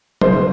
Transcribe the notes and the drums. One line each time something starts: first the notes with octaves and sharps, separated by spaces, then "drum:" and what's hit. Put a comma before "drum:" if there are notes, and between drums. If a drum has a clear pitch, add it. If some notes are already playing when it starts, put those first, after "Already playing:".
C#3 C5, drum: tom F#3